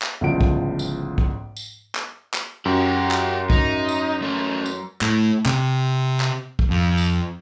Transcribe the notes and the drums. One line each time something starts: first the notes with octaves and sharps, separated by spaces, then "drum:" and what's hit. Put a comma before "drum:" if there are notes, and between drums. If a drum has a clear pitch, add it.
drum: clap
G1 C#2 A2 F3 D7
drum: kick
drum: tambourine
drum: kick
drum: tambourine
drum: clap
drum: clap
F#2 F#4 G4
drum: clap
D#4, drum: kick
drum: tambourine
A3 C#4
drum: tambourine
A2, drum: clap
C3, drum: clap
drum: clap
drum: kick
F2
drum: tambourine